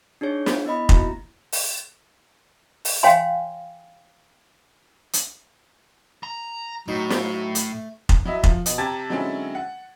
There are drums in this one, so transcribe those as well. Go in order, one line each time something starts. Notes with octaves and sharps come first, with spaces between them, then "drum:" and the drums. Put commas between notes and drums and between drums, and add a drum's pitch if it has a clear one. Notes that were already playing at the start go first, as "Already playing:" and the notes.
D4 D#4 G#4 C#5
drum: snare
B3 E4 D#5 B5
A#3 D#4 E4 F#4 A#5 A#6, drum: kick F1
drum: open hi-hat
drum: open hi-hat
C#5 F5 G5 G#5 C6
drum: hi-hat
A#5
A2 F#3 D#4
drum: snare
A3, drum: hi-hat
drum: kick F1
F#3 E4 D#5 E5
F3, drum: kick F1
B2, drum: hi-hat
C3 G4 A5 A#5 G#6 A6
D3 F#3 G#3 C4 C#4 E4
F#5